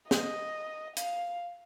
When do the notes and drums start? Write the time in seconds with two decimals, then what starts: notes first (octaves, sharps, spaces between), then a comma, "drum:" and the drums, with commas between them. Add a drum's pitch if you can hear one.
0.11 D#5, drum: snare
0.96 F5, drum: hi-hat